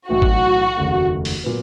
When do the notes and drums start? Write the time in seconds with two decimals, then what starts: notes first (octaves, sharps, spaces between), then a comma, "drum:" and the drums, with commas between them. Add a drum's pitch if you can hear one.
0.09 B1 A2 E3 F#4
0.22 drum: kick G#1
0.77 F1 D#2 C#3 F#3 A3
1.25 drum: open hi-hat
1.44 A#2 F#3 B3